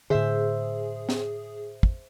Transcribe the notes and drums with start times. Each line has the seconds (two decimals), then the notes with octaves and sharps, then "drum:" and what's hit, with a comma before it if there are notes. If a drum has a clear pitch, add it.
0.10 A2 D3 G#4 C5 E5
1.09 drum: snare
1.83 drum: kick